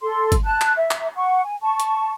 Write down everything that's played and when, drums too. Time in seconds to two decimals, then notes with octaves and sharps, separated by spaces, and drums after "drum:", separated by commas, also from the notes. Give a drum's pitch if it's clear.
0.01 A4 C6
0.32 drum: kick G1, hi-hat
0.44 A5 F#6
0.61 drum: clap
0.76 E5
0.91 drum: clap
1.16 F#5 C#6
1.44 G#5
1.62 A5 C#6
1.80 drum: hi-hat